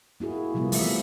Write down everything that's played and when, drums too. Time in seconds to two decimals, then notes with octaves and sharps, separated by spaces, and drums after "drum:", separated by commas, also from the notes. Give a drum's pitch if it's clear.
0.20 A#3 E4 F#4 G#4
0.54 C3 F3 G3 A#3 B3
0.72 E3 A3 E5, drum: open hi-hat